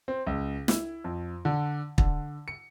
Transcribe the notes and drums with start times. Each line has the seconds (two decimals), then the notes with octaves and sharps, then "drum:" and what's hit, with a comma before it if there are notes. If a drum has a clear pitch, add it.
0.08 C4
0.27 C#2
0.68 E4, drum: snare
1.04 F2
1.45 D3
1.98 D3, drum: kick
2.48 C#7